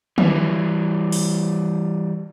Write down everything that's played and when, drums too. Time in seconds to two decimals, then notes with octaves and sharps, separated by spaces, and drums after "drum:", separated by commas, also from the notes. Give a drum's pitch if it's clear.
0.18 E3 G3, drum: tom
1.12 drum: open hi-hat